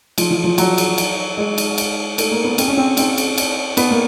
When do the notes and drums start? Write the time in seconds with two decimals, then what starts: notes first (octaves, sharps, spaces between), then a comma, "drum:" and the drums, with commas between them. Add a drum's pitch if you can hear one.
0.18 F3, drum: cymbal
0.31 E3
0.44 F3
0.58 F#3, drum: cymbal
0.78 drum: cymbal
0.98 drum: cymbal
1.37 G#3
1.58 drum: cymbal
1.78 drum: cymbal
2.18 A3, drum: cymbal
2.31 A#3
2.44 B3
2.58 C4, drum: cymbal
2.68 C#4
2.77 C4
2.97 C4, drum: cymbal
3.18 drum: cymbal
3.38 drum: cymbal
3.77 B3, drum: cymbal
3.91 A#3